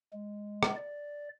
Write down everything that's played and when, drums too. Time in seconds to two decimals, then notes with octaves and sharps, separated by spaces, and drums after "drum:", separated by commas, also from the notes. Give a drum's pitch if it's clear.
0.13 G#3
0.63 drum: rim click
0.76 D5